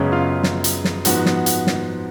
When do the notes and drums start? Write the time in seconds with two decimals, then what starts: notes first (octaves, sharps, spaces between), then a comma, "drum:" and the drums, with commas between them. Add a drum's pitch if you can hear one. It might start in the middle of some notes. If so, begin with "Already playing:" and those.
Already playing: F#2 C#3 G#3 B3 C#4 C#5
0.12 F4 F5
0.43 drum: snare
0.64 drum: hi-hat
0.85 drum: snare
1.05 G#2 F3 B3 F#4 F#5, drum: hi-hat
1.26 drum: snare
1.46 drum: hi-hat
1.67 drum: snare